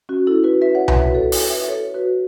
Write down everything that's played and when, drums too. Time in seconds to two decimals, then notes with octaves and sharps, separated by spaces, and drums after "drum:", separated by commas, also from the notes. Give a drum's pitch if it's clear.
0.09 C#4 F#4
0.27 E4 A4
0.44 F#4 B4
0.61 B4 E5
0.75 C#5 F#5
0.88 B4 E5, drum: tom C2
1.02 F#4 B4
1.15 A4 C#5
1.32 A4 C#5, drum: open hi-hat
1.50 B4 E5
1.68 A4 C#5
1.94 F#4 B4